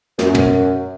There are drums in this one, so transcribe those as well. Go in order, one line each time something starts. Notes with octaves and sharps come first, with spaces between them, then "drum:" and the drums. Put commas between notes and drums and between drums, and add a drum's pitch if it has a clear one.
F#2, drum: snare
drum: tom